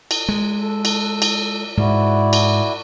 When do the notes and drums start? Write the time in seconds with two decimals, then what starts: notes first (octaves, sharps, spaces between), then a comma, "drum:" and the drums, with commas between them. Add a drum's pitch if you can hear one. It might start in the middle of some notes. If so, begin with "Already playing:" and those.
0.11 drum: cymbal
0.29 G#3
0.60 A4
0.85 drum: cymbal
1.22 drum: cymbal
1.77 G#2 E4 F#4 D5
2.33 drum: cymbal